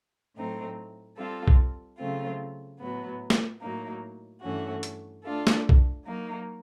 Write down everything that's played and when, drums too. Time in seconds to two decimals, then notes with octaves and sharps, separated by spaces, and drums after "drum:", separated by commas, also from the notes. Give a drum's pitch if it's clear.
0.36 A2 F#3 A3 C4 D#4
1.17 G3 C4 F4 A4
1.48 drum: kick B1
1.99 C#3 F#3 A3 C4 F4
2.80 A2 F#3 B3
3.30 drum: snare
3.62 A2 F#3 A#3 D#4
4.43 G2 E3 A3 C#4 F#4
4.83 drum: hi-hat
5.24 A3 D4 F4 A4
5.47 drum: snare
5.69 drum: kick B1
6.06 F#3 A#3 D#4